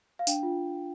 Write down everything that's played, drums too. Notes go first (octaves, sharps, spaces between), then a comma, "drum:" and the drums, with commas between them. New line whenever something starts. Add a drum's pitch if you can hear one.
F5
D4 G5, drum: tambourine
F4